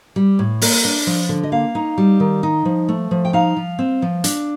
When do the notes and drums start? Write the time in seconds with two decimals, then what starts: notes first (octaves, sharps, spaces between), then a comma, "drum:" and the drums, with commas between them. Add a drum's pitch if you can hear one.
0.16 G3
0.39 A2
0.62 A#3, drum: open hi-hat
0.85 D4
1.07 F3
1.29 D3
1.43 D#5
1.52 A#3 F5
1.75 D#4
1.98 G3
2.20 D#3
2.43 D#4
2.65 F3
2.89 A3
3.11 F3
3.25 G5
3.33 D#4 F5
3.56 F3
3.79 C4
4.02 F3
4.24 D4, drum: hi-hat